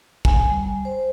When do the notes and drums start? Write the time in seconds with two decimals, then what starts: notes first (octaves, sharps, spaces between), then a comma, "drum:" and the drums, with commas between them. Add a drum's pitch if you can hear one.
0.25 G#5, drum: kick
0.50 G3
0.85 C5